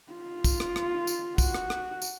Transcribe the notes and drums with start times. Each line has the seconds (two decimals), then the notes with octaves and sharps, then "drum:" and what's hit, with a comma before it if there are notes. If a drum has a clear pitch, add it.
0.13 F4
0.44 drum: kick, tambourine
0.60 drum: rim click
0.76 drum: rim click
1.07 drum: tambourine
1.38 F#4, drum: kick, tambourine
1.54 drum: rim click
1.70 drum: rim click
2.02 drum: tambourine